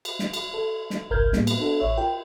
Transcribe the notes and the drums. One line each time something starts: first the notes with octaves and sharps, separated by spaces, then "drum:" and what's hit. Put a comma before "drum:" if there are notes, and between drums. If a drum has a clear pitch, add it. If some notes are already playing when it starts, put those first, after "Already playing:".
drum: cymbal
drum: snare
drum: cymbal
A4
drum: snare
G1 C2 A#4 F6 G6 G#6
A2 G3 G#3 A#3 B3, drum: snare
drum: cymbal
B3 D4 F#4 A4
A1 C#5 E5
F4 A#4 G5